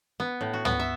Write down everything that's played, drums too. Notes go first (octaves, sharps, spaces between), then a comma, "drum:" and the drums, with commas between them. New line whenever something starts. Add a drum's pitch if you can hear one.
B3
A2
F#4
B3, drum: tom
E5